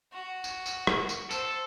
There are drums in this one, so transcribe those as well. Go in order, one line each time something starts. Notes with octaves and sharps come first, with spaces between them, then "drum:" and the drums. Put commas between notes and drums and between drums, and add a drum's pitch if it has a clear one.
F#4
drum: tambourine
drum: tambourine
drum: rim click
drum: tambourine
A4 C5, drum: tambourine